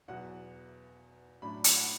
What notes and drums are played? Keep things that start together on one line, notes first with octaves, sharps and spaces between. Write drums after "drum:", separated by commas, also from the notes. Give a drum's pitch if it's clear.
E2 B2 F#3 F#5
A2 F#3 D4 B5
drum: hi-hat
F#5